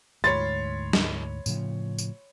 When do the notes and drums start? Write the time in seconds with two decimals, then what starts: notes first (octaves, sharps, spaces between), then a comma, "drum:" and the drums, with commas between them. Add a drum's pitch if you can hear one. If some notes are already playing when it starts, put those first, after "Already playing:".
0.24 D2 G#2 C#5 B5 C6 A6
0.93 drum: snare
1.46 A2 C#3 F3, drum: tambourine
1.99 drum: tambourine